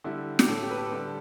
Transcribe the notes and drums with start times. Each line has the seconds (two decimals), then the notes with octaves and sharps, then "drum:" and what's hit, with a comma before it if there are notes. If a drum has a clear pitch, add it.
0.04 D3 G3 E4
0.39 G4, drum: snare
0.48 A2 A3 A4
0.63 G4
0.70 B4
0.77 A4
0.92 D3 G3